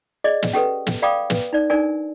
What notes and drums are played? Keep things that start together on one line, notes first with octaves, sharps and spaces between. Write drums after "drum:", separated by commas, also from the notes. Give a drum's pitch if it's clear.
G#4 D5 D#5
drum: snare
C#4 G4 A4 B4
drum: snare
D5 F5 G5 B5 D6 D#6
B4, drum: snare
D#4 D5
D4 D#4 A#4 D5 G#5